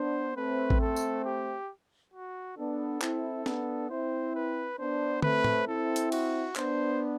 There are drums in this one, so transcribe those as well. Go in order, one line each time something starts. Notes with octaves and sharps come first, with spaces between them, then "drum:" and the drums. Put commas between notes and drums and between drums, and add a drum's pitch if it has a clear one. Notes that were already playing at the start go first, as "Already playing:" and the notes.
Already playing: B3 D4 C5
A3 C4 B4
drum: kick A1
A4
drum: tambourine
G4
F#4
B3 D4 A4
C4 E4, drum: clap
B3 D4, drum: snare
C4 E4 C5
B4
B3 D4 C5
A3 C4 B4, drum: tom
drum: tom
C4 E4 A4
drum: hi-hat
F#4, drum: cymbal
B3 D4 C5, drum: clap